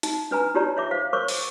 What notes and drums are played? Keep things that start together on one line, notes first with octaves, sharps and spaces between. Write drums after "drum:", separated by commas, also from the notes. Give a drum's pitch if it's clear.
D#4, drum: hi-hat
D4 B4 G#5 A#5
D#4 F4 G4 C#5 D5 A#5
C#5 E5 D6
C5 F5
A#4 C5 C#5 C#6 D6
drum: open hi-hat